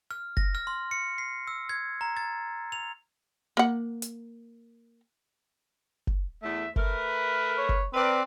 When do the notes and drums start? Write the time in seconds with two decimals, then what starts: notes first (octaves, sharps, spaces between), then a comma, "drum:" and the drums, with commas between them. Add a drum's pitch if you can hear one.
0.11 F6
0.37 A#6, drum: kick F#1
0.55 F6
0.67 C6
0.91 C#7
1.18 C7
1.47 E6
1.69 G#6
2.01 A#5
2.17 A6
2.72 F7
3.57 A#3 F#5
4.02 drum: hi-hat
6.07 drum: kick F#1
6.43 E2 A3 E5
6.76 A3 A#4 B4, drum: kick F#1
7.58 C#5
7.69 drum: kick F#1
7.94 C4 A#4 B4 D5